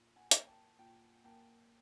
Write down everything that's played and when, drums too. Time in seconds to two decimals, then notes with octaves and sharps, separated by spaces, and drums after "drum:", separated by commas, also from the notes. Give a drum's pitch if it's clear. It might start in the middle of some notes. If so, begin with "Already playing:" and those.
Already playing: A#2
0.16 F#5 G#5
0.31 A#3, drum: hi-hat
0.47 G5 A5
0.78 A#2 G5 A5
1.24 A#3 G5 A5